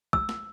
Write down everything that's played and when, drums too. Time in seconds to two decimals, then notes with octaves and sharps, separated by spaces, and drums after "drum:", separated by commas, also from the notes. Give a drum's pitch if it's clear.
0.13 E6, drum: kick
0.29 drum: snare